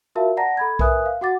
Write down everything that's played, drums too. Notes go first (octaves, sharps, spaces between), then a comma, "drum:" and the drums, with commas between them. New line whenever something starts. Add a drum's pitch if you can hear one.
F4 F#4 A#4 E5 F5 A5
D5 F#5 A5 A#5 A#6
A4 B5 G#6
A#4 B4 E5 G#5 D#6 F#6, drum: kick B1
F5
F#4 F#5 D6 A6